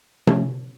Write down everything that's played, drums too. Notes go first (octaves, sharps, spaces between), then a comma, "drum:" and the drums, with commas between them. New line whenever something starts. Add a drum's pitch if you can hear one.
F3 A3 C#4, drum: tom C3